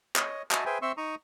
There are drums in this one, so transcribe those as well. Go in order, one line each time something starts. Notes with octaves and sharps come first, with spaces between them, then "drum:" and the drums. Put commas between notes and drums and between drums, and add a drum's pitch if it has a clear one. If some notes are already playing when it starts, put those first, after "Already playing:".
C#5 D#5, drum: clap
F#4 D#5 E5 G#5 A5, drum: clap
G#4 B4 C5 E5 G5 G#5
C4 E5 C6 C#6 E6
D#4 A#5 C#6 D#6